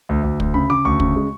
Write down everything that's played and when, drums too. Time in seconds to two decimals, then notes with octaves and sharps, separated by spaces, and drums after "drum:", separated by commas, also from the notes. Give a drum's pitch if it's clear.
0.09 D2
0.23 D2
0.40 D2, drum: kick
0.54 C#3 B5
0.70 C#3 D6
0.85 D2 C#6
1.00 C#3, drum: kick
1.16 G#3